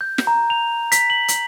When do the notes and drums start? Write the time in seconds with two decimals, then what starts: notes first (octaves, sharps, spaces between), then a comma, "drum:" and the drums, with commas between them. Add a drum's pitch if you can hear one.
0.01 G6
0.18 drum: snare
0.27 A#5
0.50 F7
0.92 B6, drum: hi-hat
1.10 F#7
1.28 drum: hi-hat